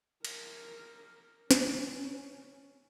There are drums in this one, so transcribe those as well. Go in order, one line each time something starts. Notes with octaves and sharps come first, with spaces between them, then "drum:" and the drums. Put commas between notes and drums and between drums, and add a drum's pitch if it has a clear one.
A#4, drum: cymbal
C#4, drum: snare